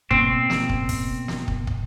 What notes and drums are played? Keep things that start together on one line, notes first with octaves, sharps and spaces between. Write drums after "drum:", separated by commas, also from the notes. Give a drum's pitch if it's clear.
B2 A#3 C4, drum: kick
drum: snare
drum: kick
drum: kick, open hi-hat
drum: snare
drum: kick
drum: kick